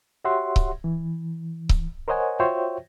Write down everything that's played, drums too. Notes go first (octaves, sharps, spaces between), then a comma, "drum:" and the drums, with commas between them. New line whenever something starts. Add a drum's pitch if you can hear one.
F#4 G4 C#5 E5 F#5 C6
drum: kick C#1
E3
drum: kick C#1
A#4 C5 C#5 D#5 F#5 G#5
F4 F#4 C5 C#5 E5 G5